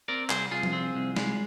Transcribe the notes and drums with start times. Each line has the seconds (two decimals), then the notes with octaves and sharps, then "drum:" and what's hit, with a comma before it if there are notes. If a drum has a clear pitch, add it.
0.08 C4 A#4 D5
0.30 C2 G#4 C5, drum: clap
0.51 C2 F4 G#4
0.63 drum: tom F3
0.73 C4
0.95 C2
1.16 G#3, drum: snare